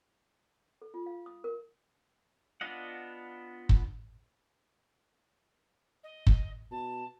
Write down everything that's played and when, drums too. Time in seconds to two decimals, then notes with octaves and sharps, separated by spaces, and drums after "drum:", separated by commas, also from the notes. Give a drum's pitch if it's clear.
0.82 A4
0.94 F4
1.06 F5
1.26 D#6
1.44 A#4
2.61 B3 D4 F4 D#5 F#5
3.69 drum: kick
6.04 D#5
6.27 drum: kick
6.71 B2 A5